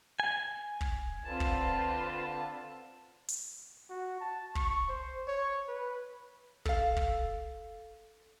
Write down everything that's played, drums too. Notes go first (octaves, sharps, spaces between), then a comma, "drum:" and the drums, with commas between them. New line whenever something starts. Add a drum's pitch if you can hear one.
G#5
drum: kick
D3 C4 F4 B4 A5
drum: kick
drum: hi-hat
F#4
A5
C#6, drum: kick
C5
C#5
B4
A4 F5, drum: kick
drum: kick